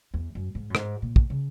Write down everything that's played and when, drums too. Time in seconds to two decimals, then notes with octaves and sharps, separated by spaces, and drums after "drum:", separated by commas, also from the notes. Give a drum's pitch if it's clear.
0.14 E2
0.35 F#2
0.55 G#2
0.70 F#2
0.75 G#2, drum: rim click
1.02 A#2
1.16 drum: kick
1.30 C#3